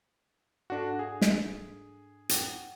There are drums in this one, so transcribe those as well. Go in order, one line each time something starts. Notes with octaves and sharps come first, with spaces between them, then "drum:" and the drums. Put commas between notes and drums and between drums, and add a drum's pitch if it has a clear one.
G#2 D4 F#4 A4 A#6
D4 G#4 F5 G#5
drum: snare
F#5 G5, drum: hi-hat